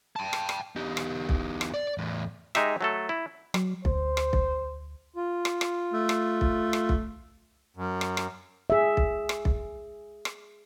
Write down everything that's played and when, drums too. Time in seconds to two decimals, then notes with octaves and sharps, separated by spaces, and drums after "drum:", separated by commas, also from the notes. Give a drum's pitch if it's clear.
0.16 G5 A5
0.33 drum: rim click
0.49 drum: rim click
0.76 E2 G4
0.97 drum: rim click
1.29 drum: kick B1
1.61 drum: rim click
1.74 D5
1.98 E2 A2
2.55 G#3 D#4 G4 E5, drum: rim click
2.81 F#3 A3 A4
3.09 E4
3.54 F#3, drum: rim click
3.85 D2 C5, drum: kick B1
4.17 drum: rim click
4.33 drum: kick B1
5.16 F4
5.45 drum: rim click
5.61 drum: rim click
5.93 A3
6.09 drum: rim click
6.41 drum: kick B1
6.73 drum: rim click
6.89 drum: kick B1
7.77 F#2
8.01 drum: rim click
8.17 drum: rim click
8.70 G#4 E5
8.97 drum: kick B1
9.29 drum: rim click
9.45 drum: kick B1
10.25 drum: rim click